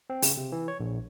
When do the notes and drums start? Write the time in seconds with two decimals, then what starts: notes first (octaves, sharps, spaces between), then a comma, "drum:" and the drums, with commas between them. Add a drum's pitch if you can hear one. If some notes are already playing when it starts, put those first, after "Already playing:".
0.10 C4
0.22 C#3, drum: open hi-hat
0.37 C3
0.52 E3
0.68 C#5
0.80 A#1